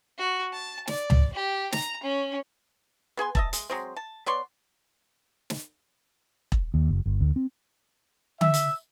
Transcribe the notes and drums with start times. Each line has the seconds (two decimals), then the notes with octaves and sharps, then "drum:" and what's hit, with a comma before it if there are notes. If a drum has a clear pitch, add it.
0.18 F#4
0.53 A5
0.87 D5, drum: snare
1.10 drum: tom C#2
1.33 G4
1.72 A#5, drum: snare
2.03 C#4
3.17 B3 G#4 G#5 C6
3.35 D#5 E5 A5, drum: kick E1
3.53 G#3, drum: hi-hat
3.70 F#3 G#3 C4
3.96 A5
4.26 B3 C#5 D5 C6
5.50 drum: snare
6.52 drum: kick E1
6.74 D#2
6.89 F#1
7.06 G1
7.21 D2
7.36 C4
8.41 E5, drum: tom D3
8.54 drum: hi-hat